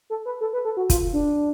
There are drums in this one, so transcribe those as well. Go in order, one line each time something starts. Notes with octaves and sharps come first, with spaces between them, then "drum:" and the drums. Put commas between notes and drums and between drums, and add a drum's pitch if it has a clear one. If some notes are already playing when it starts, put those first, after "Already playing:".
A4
B4
A4
B4
A4
F#4
F4, drum: kick, hi-hat
D4